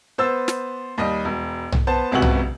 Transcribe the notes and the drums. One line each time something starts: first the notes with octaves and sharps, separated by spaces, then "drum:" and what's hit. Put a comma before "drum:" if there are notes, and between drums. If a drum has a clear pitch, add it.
B3 C5 E6 A6
drum: snare
D#2 G3 D#5
E1
drum: tom B1
B3 C5 A5
E1 C#2 C3 B3 F#4 F#7
drum: tom B1